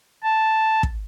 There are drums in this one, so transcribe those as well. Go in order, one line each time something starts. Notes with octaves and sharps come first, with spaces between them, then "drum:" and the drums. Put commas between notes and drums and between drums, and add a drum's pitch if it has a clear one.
A5
drum: kick